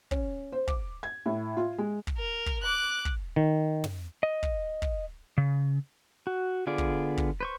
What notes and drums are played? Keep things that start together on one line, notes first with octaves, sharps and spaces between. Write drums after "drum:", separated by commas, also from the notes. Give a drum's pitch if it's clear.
C#4, drum: kick
C5
D6, drum: kick
G#6
A2
F4
G#3
drum: kick
A#4
drum: kick
D6 F#6
drum: kick
D#3
drum: tom
D#5
drum: kick
drum: kick
C#3
F#4
D3 B3 F4 G#4 D5
drum: kick
drum: kick
B4 C5 C#6